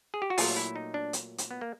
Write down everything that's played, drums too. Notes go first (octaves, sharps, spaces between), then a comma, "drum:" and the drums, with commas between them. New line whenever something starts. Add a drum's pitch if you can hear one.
G#4
G4
F#4
A#2 F#3 A3 F4, drum: open hi-hat
E4
D#4
D4
drum: hi-hat
drum: hi-hat
B3
A#3